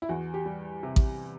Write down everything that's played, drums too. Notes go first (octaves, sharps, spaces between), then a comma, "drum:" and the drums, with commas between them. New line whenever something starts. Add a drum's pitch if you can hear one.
E4
E2 F#4
G4
G3
C3
drum: kick A1